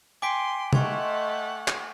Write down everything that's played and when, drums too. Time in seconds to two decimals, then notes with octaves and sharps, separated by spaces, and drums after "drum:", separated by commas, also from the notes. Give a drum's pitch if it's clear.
0.22 G5 G#5 C6 D6 B6 D7
0.73 A3 D#5 F#5 C6 C#6 G#6 F7, drum: tom
1.68 drum: clap